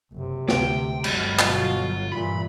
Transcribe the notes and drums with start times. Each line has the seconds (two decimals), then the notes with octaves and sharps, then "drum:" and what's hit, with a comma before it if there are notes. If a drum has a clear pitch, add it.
0.12 F#1 C3
0.49 D2 G5, drum: snare
1.04 G1 F#3 G#3 B5, drum: cymbal
1.39 B2 F4, drum: clap
2.12 G2 A#2 E3 B5